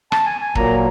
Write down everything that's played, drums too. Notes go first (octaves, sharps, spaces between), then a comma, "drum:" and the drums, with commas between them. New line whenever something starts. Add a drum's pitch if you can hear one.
A5, drum: rim click
G#5
G#5
A#2 F#3 A#3 A#5, drum: kick